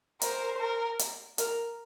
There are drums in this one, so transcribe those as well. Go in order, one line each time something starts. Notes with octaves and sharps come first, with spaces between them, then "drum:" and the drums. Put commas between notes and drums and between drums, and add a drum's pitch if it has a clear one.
A#4 C5, drum: hi-hat
A#4
drum: hi-hat
A#4, drum: hi-hat